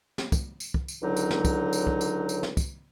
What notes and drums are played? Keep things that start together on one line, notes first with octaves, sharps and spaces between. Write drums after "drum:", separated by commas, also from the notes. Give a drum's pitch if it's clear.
drum: snare
drum: kick, tambourine
drum: tambourine
drum: kick
drum: tambourine
C#2 D3 F#3 D#4
drum: tambourine
drum: snare
drum: kick, tambourine
drum: tambourine
drum: kick
drum: tambourine
drum: tambourine
drum: snare
drum: kick, tambourine